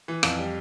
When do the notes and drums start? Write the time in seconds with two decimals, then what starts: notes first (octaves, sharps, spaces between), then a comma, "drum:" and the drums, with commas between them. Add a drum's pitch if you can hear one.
0.08 E3
0.23 F2 F5, drum: rim click
0.38 G3